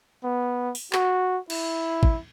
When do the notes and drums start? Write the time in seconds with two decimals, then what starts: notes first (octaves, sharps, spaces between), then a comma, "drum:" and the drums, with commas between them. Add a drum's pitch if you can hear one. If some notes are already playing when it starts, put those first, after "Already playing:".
0.24 B3
0.75 drum: open hi-hat
0.93 F#4, drum: clap
1.50 E4, drum: cymbal
2.03 drum: kick